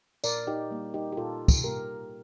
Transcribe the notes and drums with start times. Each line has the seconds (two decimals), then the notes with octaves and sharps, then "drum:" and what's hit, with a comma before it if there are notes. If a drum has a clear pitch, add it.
0.24 A#2 A#4 D5, drum: tambourine
0.47 D#4 G4
0.71 G3 A#3
0.94 D#4 G4
1.12 G4
1.17 A#2 F4 A4
1.48 drum: kick, tambourine
1.64 G3 A#3 G4 A#4